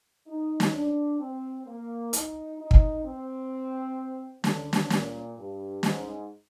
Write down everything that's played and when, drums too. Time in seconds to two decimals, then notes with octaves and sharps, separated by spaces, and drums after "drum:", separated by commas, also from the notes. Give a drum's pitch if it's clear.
0.28 D#4
0.60 drum: snare
0.74 D4
1.20 C4
1.66 A#3
2.13 D#4, drum: hi-hat
2.59 D#4
2.71 drum: kick
3.05 C4
4.44 D3, drum: snare
4.73 drum: snare
4.90 A#2, drum: snare
5.37 G2
5.83 G#2, drum: snare